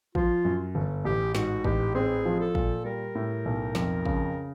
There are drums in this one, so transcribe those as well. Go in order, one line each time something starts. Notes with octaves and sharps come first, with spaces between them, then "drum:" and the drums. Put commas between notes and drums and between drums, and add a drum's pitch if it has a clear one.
F3 F4, drum: kick
F#2
G1
A1 G4
G#2 F#4, drum: snare
A1 G4, drum: kick
C4 G#4
F3
A4
A#2, drum: kick
G3 A#4
A2
B1
F2, drum: snare
C#3, drum: kick